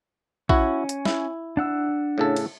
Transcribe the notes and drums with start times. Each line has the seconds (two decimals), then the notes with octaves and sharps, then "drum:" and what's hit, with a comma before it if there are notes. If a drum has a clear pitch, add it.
0.49 C#4 E4 F#4, drum: kick A#1
0.89 drum: hi-hat
1.05 E4, drum: snare
1.57 D4 F#5 E6
2.18 A2 C#3 A4
2.36 drum: cymbal